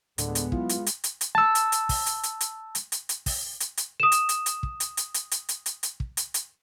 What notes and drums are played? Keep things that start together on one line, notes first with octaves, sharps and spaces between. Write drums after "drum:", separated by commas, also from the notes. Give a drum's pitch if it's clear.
D2 A2 D3 G#3 B3, drum: hi-hat
drum: hi-hat
F#3 E4 F4, drum: kick
drum: hi-hat
drum: hi-hat
drum: hi-hat
drum: hi-hat
A5 E6
drum: hi-hat
drum: hi-hat
drum: kick, open hi-hat
drum: hi-hat
drum: hi-hat
drum: hi-hat
drum: hi-hat
drum: hi-hat
drum: hi-hat
drum: kick, open hi-hat
drum: hi-hat
drum: hi-hat
D#6 E7
drum: hi-hat
drum: hi-hat
drum: hi-hat
drum: kick
drum: hi-hat
drum: hi-hat
drum: hi-hat
drum: hi-hat
drum: hi-hat
drum: hi-hat
drum: hi-hat
drum: kick
drum: hi-hat
drum: hi-hat